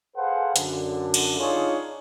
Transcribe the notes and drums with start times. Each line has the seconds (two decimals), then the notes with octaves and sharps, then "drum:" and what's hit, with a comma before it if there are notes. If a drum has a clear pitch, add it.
0.16 G#4 A4 B4 C5 F5 F#5
0.56 F#2 D3, drum: hi-hat
1.14 drum: cymbal
1.39 D4 D#4 F4 G#4 C#5